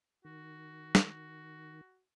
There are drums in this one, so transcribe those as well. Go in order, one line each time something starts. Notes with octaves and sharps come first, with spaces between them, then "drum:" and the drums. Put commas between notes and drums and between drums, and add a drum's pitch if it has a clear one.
D#3 F#4
drum: snare